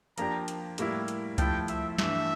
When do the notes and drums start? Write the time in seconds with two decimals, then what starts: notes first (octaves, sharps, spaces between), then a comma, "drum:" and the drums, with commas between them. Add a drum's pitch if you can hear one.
0.18 F3 A#3 D4 G4 A#5, drum: hi-hat
0.48 drum: hi-hat
0.78 A2 G3 A#3 E4, drum: hi-hat
1.08 drum: hi-hat
1.38 F3 A3 E4 G5, drum: kick C2, hi-hat
1.68 E5, drum: hi-hat
1.98 G2 E3 A3 E5, drum: snare